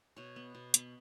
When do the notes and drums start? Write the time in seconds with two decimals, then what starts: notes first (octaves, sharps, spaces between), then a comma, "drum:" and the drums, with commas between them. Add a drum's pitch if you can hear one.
0.16 B2 C#5
0.36 B3
0.55 B2
0.74 B3, drum: hi-hat